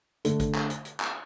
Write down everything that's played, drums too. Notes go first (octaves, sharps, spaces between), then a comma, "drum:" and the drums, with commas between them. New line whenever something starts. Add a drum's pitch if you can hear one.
D3 A3 D4, drum: hi-hat
drum: kick A1, hi-hat
drum: clap
drum: hi-hat
drum: hi-hat
drum: clap